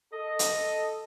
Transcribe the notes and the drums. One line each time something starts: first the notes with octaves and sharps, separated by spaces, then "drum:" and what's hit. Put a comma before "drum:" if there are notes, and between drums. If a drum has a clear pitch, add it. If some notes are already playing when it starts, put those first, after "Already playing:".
A4 D#5
drum: hi-hat